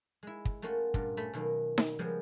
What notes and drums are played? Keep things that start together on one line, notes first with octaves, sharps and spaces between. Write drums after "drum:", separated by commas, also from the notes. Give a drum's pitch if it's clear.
G#3 E4
drum: kick
A3 A#3 C#4 F4 F#4
G2 A#2 F4, drum: kick
A3 C#4 B5
B2 D#3 F#3 A#3
drum: snare D#4
C#3 F3 G3 G#3 A#3 B3